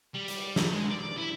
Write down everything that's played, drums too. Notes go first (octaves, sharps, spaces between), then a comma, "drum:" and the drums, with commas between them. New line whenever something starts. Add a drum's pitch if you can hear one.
G3
drum: hi-hat
drum: snare
G#3
D5
E4